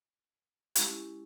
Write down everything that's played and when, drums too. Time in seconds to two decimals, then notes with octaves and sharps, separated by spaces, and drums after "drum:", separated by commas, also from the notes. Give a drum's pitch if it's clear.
0.75 G#3 C#4 E4 G4, drum: hi-hat